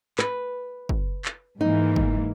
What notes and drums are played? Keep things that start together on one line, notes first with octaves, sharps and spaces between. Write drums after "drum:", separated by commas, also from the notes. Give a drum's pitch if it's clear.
B4, drum: clap
drum: kick
drum: clap
G#2 E3 A#3 D#4
drum: kick